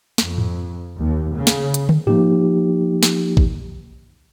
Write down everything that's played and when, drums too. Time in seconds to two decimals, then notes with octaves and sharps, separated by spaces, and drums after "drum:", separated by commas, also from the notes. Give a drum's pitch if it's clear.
0.18 F2, drum: snare
0.38 drum: tom G#2
0.97 D#2
1.37 C#3
1.47 drum: snare
1.74 drum: hi-hat
1.89 drum: tom
2.07 F3 A#3 D#4 G4, drum: tom G#2
3.03 drum: snare
3.37 drum: kick A1